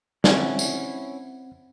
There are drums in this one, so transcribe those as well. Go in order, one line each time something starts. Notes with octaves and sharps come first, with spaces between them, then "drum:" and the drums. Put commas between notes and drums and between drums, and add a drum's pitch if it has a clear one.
C4 C#4 E4 F#5, drum: snare
drum: tambourine